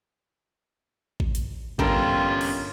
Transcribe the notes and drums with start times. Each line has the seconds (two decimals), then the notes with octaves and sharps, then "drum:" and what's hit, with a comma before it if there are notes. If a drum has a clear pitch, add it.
1.20 drum: kick A1
1.35 drum: hi-hat
1.79 G1 C#4 F4 G4 A4 A#4, drum: kick A1
2.41 drum: cymbal